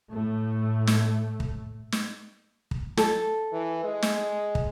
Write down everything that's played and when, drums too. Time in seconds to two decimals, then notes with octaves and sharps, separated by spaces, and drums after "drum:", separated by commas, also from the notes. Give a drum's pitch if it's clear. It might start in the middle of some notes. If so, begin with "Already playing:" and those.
0.10 A2 A3
0.87 drum: snare
1.40 drum: kick
1.92 drum: snare
2.71 drum: kick
2.97 A4, drum: snare
3.52 E3
3.84 G#3
4.02 drum: snare
4.55 drum: kick